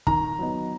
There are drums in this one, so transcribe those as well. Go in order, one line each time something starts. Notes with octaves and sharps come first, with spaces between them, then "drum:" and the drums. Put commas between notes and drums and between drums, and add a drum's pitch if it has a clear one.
D#3 A#5, drum: kick
F#3 B3 D#4